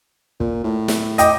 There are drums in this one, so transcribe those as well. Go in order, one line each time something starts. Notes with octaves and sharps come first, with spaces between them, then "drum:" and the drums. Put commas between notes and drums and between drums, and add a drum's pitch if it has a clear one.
A#2, drum: kick
A2
drum: snare
D#5 G5 D6, drum: hi-hat